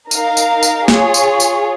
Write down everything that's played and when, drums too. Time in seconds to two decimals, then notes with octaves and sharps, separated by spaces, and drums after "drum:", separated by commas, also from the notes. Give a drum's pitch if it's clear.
0.11 D#4 A#4 F5, drum: tambourine
0.37 drum: tambourine
0.63 drum: tambourine
0.88 F4 G#4 C#5, drum: snare
1.14 drum: tambourine
1.40 drum: tambourine